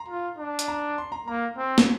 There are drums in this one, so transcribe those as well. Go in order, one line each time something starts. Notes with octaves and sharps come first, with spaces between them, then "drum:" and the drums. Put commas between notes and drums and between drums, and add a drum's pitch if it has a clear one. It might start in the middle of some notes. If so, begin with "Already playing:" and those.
Already playing: A#5 C6
F4
D4
drum: hi-hat
A#5
C6
A#5
A#3 A#5
C4
drum: snare